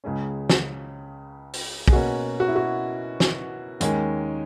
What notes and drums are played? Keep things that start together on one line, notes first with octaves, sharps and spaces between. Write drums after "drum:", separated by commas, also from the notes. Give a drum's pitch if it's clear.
C#2 C#3 G#3 C#4 G#4
drum: snare
drum: open hi-hat
G#4, drum: kick
B2 A#3 C#4 F#4
F#4
E4
F#4
drum: snare
D#2 D#3 G#3 C#4, drum: hi-hat